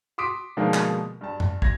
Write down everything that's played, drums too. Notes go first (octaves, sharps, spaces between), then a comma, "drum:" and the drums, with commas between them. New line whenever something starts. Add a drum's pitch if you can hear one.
C6 D6 D#6 B6 D7
B2 D3 F3 G#3 A#3 D#4
drum: clap
G2 A5
drum: tom F#2
G#6 A#6, drum: kick